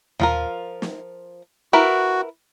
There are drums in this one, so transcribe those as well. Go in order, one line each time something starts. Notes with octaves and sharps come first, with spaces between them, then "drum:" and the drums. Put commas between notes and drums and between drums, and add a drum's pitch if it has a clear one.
F3 F4 A#4, drum: tom D#2
drum: snare
E4 F#4 A#4 B4